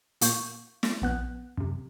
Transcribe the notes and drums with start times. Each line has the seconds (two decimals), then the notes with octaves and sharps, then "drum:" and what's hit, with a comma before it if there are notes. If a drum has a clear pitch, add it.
0.21 A#2 A#3 C#6 G6, drum: hi-hat
0.83 drum: snare
1.02 A#1 B3 F#6
1.57 F#2 C3